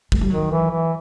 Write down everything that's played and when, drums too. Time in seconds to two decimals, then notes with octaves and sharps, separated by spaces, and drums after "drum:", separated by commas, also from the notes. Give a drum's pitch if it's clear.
0.12 G#3, drum: kick
0.21 G3
0.30 D#3 F#3
0.51 E3
0.71 E3